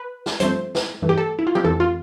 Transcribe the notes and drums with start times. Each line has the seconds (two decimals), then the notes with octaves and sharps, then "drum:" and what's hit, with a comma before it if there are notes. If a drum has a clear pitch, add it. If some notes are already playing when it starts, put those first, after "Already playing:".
Already playing: B4
0.26 drum: snare
0.40 G2 F3 A3 C4 C5, drum: hi-hat
0.75 drum: snare
1.02 G2 E3 A3
1.09 G4
1.18 A4
1.39 E4
1.47 F4
1.55 G4, drum: tom E3
1.64 F2 E3 A3 C4 A4
1.80 F4